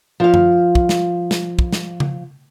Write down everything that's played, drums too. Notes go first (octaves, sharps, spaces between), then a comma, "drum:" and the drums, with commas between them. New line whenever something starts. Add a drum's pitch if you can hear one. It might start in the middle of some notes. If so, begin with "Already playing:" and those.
F3 F5
drum: tom F#2
drum: kick
drum: snare
drum: snare
drum: kick
drum: snare
drum: tom C#3